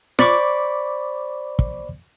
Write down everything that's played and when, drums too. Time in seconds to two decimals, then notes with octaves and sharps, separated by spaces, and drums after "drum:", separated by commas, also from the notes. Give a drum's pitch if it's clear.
0.19 C5 D5 B5 C#6 D6, drum: snare
1.59 drum: kick